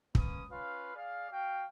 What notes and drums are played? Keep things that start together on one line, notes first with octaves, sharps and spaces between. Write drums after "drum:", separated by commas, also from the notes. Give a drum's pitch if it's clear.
A#3 C#4 B4 D#6, drum: kick
C#4 F4 B4 F5
G#4 D5 F5
F#4 F5 G5